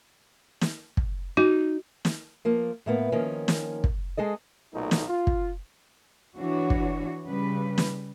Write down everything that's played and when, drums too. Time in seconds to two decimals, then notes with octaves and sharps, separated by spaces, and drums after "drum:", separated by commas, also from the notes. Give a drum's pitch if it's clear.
0.61 drum: snare
0.97 drum: kick
1.37 D#4 F#4
2.05 drum: snare
2.45 F3 A#3
2.86 A2 A#3 B3
3.12 D#3 F3 A#3 C#4
3.48 drum: snare
3.84 drum: kick
4.17 G#3 G#4 A4 D#5
4.74 B1 A#2 A3 D#4
4.91 drum: snare
5.07 F4
5.27 drum: kick
6.38 E3 D4 F#4 C#5
6.70 drum: kick
7.24 C#3 G3 B4
7.78 drum: snare